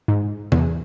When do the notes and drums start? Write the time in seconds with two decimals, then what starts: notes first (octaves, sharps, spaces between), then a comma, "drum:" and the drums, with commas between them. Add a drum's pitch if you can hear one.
0.08 G#2
0.52 E2, drum: tom C3